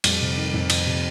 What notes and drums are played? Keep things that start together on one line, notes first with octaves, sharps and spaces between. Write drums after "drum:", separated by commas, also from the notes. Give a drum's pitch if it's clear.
F2 G3, drum: cymbal
C3
D#3
F2
F2, drum: cymbal
C3